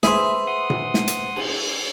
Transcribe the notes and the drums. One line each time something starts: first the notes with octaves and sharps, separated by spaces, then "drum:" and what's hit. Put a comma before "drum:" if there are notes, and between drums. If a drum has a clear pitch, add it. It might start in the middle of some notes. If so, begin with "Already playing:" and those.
G#4 B4 C5 E5, drum: snare
F#5 C6 D#6
drum: tom A#2
drum: snare
drum: hi-hat
drum: cymbal